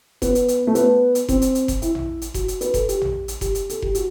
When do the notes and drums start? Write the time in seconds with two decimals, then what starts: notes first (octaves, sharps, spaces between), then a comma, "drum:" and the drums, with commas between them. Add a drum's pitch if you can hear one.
0.22 B3, drum: kick F1, hi-hat
0.35 drum: hi-hat
0.48 drum: hi-hat
0.67 A3
0.75 B3, drum: hi-hat
1.15 drum: hi-hat
1.29 C4, drum: kick F1, hi-hat
1.42 drum: hi-hat
1.55 drum: hi-hat
1.68 drum: kick F1, hi-hat
1.82 E4, drum: hi-hat
1.95 drum: tom
2.22 drum: hi-hat
2.34 F#4, drum: kick F1, hi-hat
2.48 drum: hi-hat
2.61 B4, drum: hi-hat
2.74 A4, drum: kick F1, hi-hat
2.89 G4, drum: hi-hat
3.01 drum: tom
3.28 drum: hi-hat
3.41 G4, drum: kick F1, hi-hat
3.55 drum: hi-hat
3.70 A4, drum: hi-hat
3.82 G4, drum: kick F1
3.95 F#4, drum: hi-hat